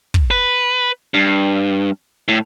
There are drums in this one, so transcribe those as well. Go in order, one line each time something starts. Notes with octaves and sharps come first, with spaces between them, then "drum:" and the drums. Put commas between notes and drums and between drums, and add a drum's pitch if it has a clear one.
drum: kick
B4
G2
A2